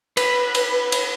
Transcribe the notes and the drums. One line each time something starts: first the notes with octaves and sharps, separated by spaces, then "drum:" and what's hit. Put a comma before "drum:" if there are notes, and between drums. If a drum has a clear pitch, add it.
B4, drum: cymbal
drum: cymbal
drum: cymbal